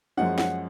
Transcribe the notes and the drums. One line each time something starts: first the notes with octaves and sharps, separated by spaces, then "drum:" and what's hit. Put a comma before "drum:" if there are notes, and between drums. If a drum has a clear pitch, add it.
F#2 F3 G#3 C#4 F#5
F#5, drum: snare